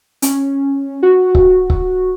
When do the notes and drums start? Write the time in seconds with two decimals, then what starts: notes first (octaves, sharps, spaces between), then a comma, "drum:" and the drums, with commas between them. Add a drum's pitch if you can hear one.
0.22 C#4, drum: hi-hat
1.03 F#4
1.35 drum: kick C#1
1.70 drum: kick C#1